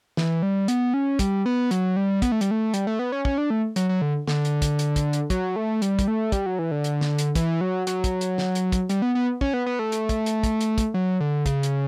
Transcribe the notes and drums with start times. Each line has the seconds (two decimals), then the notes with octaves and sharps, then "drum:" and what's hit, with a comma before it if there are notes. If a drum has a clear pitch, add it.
0.17 E3, drum: snare
0.43 G3
0.68 B3, drum: hi-hat
0.94 C#4
1.19 G3, drum: kick, hi-hat
1.46 B3
1.71 F#3, drum: hi-hat
1.97 G3
2.22 B3, drum: kick, hi-hat
2.32 A3
2.41 G3, drum: hi-hat
2.51 A3
2.74 G3, drum: hi-hat
2.87 A3
2.99 B3
3.12 C#4
3.25 C#4, drum: kick
3.38 D4
3.50 A3
3.76 F#3, drum: hi-hat
3.89 F#3
4.02 D3
4.28 D3, drum: snare
4.45 drum: hi-hat
4.62 drum: kick, hi-hat
4.79 drum: hi-hat
4.96 drum: kick, hi-hat
5.13 drum: hi-hat
5.30 F#3, drum: kick, hi-hat
5.56 A3
5.82 G3, drum: hi-hat
5.99 drum: kick, hi-hat
6.08 A3
6.32 G3, drum: kick, hi-hat
6.46 F#3
6.59 E3
6.71 D3
6.84 drum: hi-hat
7.01 drum: snare
7.18 drum: hi-hat
7.35 E3, drum: kick, hi-hat
7.61 F#3
7.87 F#3, drum: hi-hat
8.04 drum: kick, hi-hat
8.21 drum: hi-hat
8.38 drum: snare
8.55 drum: hi-hat
8.72 drum: kick, hi-hat
8.89 G3, drum: hi-hat
9.02 B3
9.15 B3
9.41 C#4, drum: kick
9.54 B3
9.66 B3
9.79 A3
9.92 drum: hi-hat
10.09 drum: kick, hi-hat
10.26 drum: hi-hat
10.43 drum: kick, hi-hat
10.61 drum: hi-hat
10.78 drum: kick, hi-hat
10.94 F#3
11.21 D3
11.46 C#3, drum: kick, hi-hat
11.63 drum: hi-hat